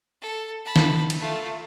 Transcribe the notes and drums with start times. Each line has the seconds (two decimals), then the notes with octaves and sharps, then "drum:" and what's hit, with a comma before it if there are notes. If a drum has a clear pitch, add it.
0.22 A4
0.65 A5 B5
0.76 drum: snare
1.10 drum: cymbal
1.20 A3 F4